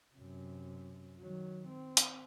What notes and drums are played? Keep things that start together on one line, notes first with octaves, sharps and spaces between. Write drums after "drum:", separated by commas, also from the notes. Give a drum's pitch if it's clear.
F#2 C3
D#3 F#3
C4
drum: hi-hat